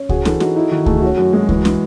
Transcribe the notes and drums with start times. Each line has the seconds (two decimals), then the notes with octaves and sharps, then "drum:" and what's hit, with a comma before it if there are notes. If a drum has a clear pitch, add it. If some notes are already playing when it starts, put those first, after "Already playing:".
Already playing: C#4
0.09 F#4 G#4, drum: kick C#2
0.25 E3 A4, drum: snare
0.40 D#4 F#4, drum: snare
0.56 D#4 E4
0.71 D#3 F#4
0.86 A3 G#4, drum: kick C#2
0.99 E4
1.02 C#4 F#4
1.17 F#2
1.33 G#3 F#4
1.49 E3, drum: kick C#2
1.65 E3, drum: snare